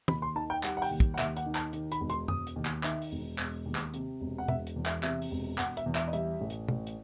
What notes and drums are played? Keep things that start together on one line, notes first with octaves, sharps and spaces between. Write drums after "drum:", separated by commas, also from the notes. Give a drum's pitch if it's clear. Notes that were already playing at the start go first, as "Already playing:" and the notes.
D#2 B5, drum: tom
C6
D#3 A5
G5
G3 F#5, drum: clap
F#5
G5, drum: open hi-hat
D#2
drum: kick, hi-hat
F#5
D#2 E5, drum: clap
F#5, drum: hi-hat
D#3
A5, drum: clap
D#3, drum: hi-hat
B5, drum: hi-hat
E1
C6, drum: hi-hat
E1 D#6, drum: tom F#2
drum: hi-hat
D#2
drum: clap
D#3 E5, drum: clap
drum: open hi-hat
E1
E1, drum: clap
D#2
drum: clap
C3, drum: hi-hat
E1
F#5
E1 E5, drum: tom
drum: hi-hat
E2
E5, drum: clap
C3 E5, drum: clap
drum: open hi-hat
E1
E1 F#5, drum: clap
E5, drum: hi-hat
E2
E5, drum: clap
D#5
G3 E5, drum: hi-hat
A1
drum: hi-hat
A1, drum: tom
drum: hi-hat